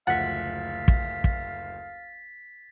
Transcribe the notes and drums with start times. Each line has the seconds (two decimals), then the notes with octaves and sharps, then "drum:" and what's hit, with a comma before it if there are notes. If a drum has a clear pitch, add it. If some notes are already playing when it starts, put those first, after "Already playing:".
0.07 F#1 D2 F3 F5 F#5 A6 B6
0.88 drum: kick
1.24 drum: kick